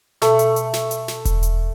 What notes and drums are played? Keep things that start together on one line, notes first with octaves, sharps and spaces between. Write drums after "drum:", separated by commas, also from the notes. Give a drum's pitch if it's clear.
B2 A3 A4, drum: snare
drum: hi-hat
drum: hi-hat
drum: snare
drum: hi-hat
drum: snare
drum: kick E1, hi-hat
drum: hi-hat